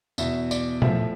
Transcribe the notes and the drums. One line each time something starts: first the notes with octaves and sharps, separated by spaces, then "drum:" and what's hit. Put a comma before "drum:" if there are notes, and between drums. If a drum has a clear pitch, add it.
E2 B2 E5, drum: tambourine
D5, drum: tambourine
A2 F3 E5, drum: tom A#2